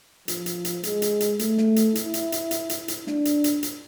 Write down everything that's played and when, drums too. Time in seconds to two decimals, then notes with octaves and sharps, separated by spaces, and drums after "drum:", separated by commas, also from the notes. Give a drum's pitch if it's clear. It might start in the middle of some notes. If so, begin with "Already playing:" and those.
0.28 F3, drum: hi-hat
0.46 drum: hi-hat
0.65 drum: hi-hat
0.83 G#3, drum: hi-hat
1.02 drum: hi-hat
1.20 drum: hi-hat
1.39 A3, drum: hi-hat
1.58 drum: snare
1.76 drum: hi-hat
1.95 E4, drum: hi-hat
2.14 drum: hi-hat
2.32 drum: hi-hat
2.51 drum: hi-hat
2.69 drum: hi-hat
2.88 drum: hi-hat
3.07 D4, drum: snare
3.25 drum: hi-hat
3.44 drum: hi-hat
3.63 drum: hi-hat